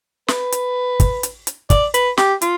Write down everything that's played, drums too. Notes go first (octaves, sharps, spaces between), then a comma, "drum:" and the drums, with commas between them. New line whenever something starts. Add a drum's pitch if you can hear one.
B4, drum: snare
drum: hi-hat
drum: kick, hi-hat
drum: hi-hat
drum: hi-hat
D5, drum: kick, hi-hat
B4, drum: hi-hat
G4, drum: snare
F4, drum: hi-hat